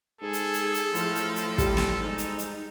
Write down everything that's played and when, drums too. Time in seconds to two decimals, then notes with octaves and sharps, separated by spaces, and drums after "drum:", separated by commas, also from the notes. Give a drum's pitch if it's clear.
0.21 G#2 G#4 A4
0.33 drum: hi-hat
0.54 drum: hi-hat
0.74 drum: hi-hat
0.95 A2 F3, drum: hi-hat
1.15 drum: hi-hat
1.36 drum: hi-hat
1.58 G3, drum: kick, hi-hat
1.77 drum: snare
2.02 G#2 D#4
2.18 drum: hi-hat
2.38 drum: hi-hat